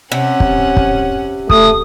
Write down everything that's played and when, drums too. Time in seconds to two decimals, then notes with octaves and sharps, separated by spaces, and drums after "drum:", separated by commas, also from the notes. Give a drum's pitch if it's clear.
0.12 C3 C#4 F#5
0.40 drum: kick
0.77 drum: kick
1.50 A3 D#6, drum: kick